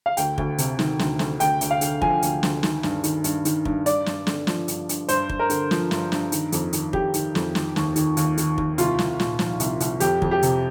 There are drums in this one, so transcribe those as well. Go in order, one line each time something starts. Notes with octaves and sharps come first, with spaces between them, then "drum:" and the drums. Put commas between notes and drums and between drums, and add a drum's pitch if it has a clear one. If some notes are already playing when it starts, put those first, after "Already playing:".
F5
D2 G5, drum: hi-hat
D2, drum: kick
C3, drum: hi-hat
D#3, drum: snare
D2, drum: snare
D2, drum: snare
D2 G5, drum: hi-hat
D2, drum: hi-hat
F5
D3, drum: hi-hat
F3 G#5, drum: kick
D2, drum: hi-hat
D2, drum: snare
D#3, drum: snare
G2, drum: snare
D#3, drum: hi-hat
G2, drum: hi-hat
D#3, drum: hi-hat
G2, drum: kick
G2 D5, drum: hi-hat
G2, drum: snare
D3, drum: snare
F3, drum: snare
G2, drum: hi-hat
G2, drum: hi-hat
G2 C5, drum: hi-hat
G2, drum: kick
A#4
D3, drum: hi-hat
F3, drum: snare
G2, drum: snare
G2, drum: snare
D#3, drum: hi-hat
F2, drum: hi-hat
D#3, drum: hi-hat
F2 G4, drum: kick
D#3, drum: hi-hat
F2, drum: snare
D#3, drum: snare
D#2, drum: snare
D#3, drum: hi-hat
D#2, drum: hi-hat
D#3, drum: hi-hat
D#2, drum: kick
C2 F4, drum: hi-hat
C2, drum: snare
A#2, drum: snare
F3, drum: snare
C2, drum: hi-hat
C2, drum: hi-hat
F2 G4, drum: hi-hat
F2, drum: kick
G4
C3, drum: hi-hat